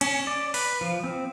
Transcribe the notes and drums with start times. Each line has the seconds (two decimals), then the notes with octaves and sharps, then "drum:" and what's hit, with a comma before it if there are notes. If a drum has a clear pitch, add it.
0.01 C#4, drum: cymbal
0.27 D5
0.54 B4, drum: open hi-hat
0.81 F3
1.04 C4